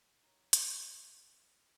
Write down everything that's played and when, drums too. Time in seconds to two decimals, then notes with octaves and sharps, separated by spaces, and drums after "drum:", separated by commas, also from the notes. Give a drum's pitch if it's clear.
0.23 D#4 A#4 C#5
0.53 drum: hi-hat